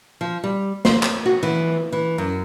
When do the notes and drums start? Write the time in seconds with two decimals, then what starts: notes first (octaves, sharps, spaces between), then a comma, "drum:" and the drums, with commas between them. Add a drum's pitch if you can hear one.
0.21 F3
0.44 G3
0.85 C5, drum: snare
1.03 drum: clap
1.26 F#4
1.43 E3
1.92 E3
2.18 F#2